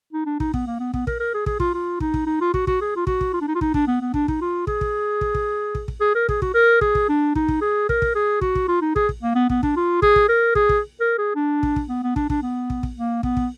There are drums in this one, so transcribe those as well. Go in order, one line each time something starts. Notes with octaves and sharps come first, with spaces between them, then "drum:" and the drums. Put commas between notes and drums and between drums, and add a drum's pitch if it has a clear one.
D#4
D4
D#4, drum: kick
B3, drum: kick
A#3
B3
B3, drum: kick
A#4, drum: kick
A#4
G#4
G#4, drum: kick
F4, drum: kick
F4
D#4, drum: kick
drum: kick
D#4
F4
F#4, drum: kick
F#4, drum: kick
G#4
F4
F#4, drum: kick
drum: kick
F4
D4
D#4
F4
D#4, drum: kick
D4, drum: kick
B3
B3
D4, drum: kick
D#4, drum: kick
F4
G#4, drum: kick
drum: kick
drum: kick
drum: kick
drum: kick
drum: kick
G#4
A#4
G#4, drum: kick
F#4, drum: kick
A#4
G#4, drum: kick
drum: kick
D4
D#4, drum: kick
drum: kick
G#4
A#4, drum: kick
drum: kick
G#4
F#4, drum: kick
drum: kick
F4
D#4
G#4, drum: kick
drum: kick
A#3
B3
B3, drum: kick
D4, drum: kick
F4
G#4, drum: kick
drum: kick
A#4
G#4, drum: kick
drum: kick
A#4
G#4
D4
drum: kick
drum: kick
B3
B3
D4, drum: kick
D4, drum: kick
B3
drum: kick
drum: kick
A#3
B3, drum: kick
drum: kick